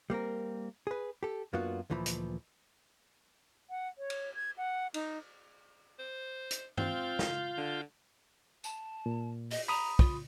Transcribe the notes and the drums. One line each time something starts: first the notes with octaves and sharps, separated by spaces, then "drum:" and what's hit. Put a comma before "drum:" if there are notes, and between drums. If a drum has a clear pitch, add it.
G3 A#3 C4 A#4
G#4 B4
G4 A4
F#2 A#3 B3 D4 F4 F#4
D2 A#2 E3 F3 B5
drum: hi-hat
F#5
C#5
drum: cymbal
G#6
F#5
D#4, drum: cymbal
C5
drum: hi-hat
C4 F4 F5 G6, drum: tom G2
drum: snare
D3
A5, drum: tambourine
A#2
D#5, drum: open hi-hat
A#5 B5 D#6
F4, drum: kick